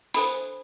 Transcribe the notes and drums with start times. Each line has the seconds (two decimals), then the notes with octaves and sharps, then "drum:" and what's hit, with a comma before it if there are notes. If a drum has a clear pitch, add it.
0.14 D4 A4 C5 B5, drum: open hi-hat